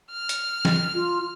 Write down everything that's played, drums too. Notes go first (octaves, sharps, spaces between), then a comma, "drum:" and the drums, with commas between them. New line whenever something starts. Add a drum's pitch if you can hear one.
F6
drum: hi-hat
drum: snare E3
F4